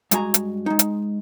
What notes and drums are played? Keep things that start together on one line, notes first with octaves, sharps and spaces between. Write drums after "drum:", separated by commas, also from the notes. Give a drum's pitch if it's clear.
G2 G#3 F#4 G#5 A#5, drum: hi-hat
drum: hi-hat
G#3 D#4
drum: hi-hat